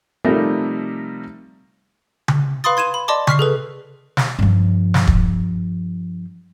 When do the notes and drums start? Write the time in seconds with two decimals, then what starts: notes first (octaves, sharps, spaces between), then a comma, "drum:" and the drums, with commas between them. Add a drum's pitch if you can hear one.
0.25 C3 F3 G3 A3 D#4 A#4
2.28 drum: tom C#3
2.64 B4 F5 B5 C6 D#6 A6
2.77 C6 G#6 D#7 E7
2.94 B5
3.08 D5 D#5 A5 C6 D6
3.27 C#6 F6 B6 C7, drum: tom C#3
3.39 G#4 A4 B4
4.17 drum: snare
4.39 G2 F3
4.94 drum: snare
5.07 drum: kick